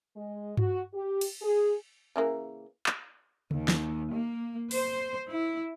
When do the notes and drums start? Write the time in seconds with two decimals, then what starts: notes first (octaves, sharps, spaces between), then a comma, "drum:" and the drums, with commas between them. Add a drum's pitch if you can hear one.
0.16 G#3
0.57 F#4, drum: tom G2
0.94 G4
1.21 drum: cymbal
1.42 G#4
2.16 C#3 E3 A#3
2.86 drum: clap
3.51 D#2, drum: tom C#3
3.68 drum: snare
4.11 A#3
4.71 C5, drum: open hi-hat
5.29 E4